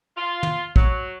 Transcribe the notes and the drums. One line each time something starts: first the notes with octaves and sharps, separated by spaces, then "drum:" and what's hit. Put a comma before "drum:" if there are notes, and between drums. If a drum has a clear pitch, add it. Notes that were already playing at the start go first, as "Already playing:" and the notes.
F4
drum: tom
F#3, drum: kick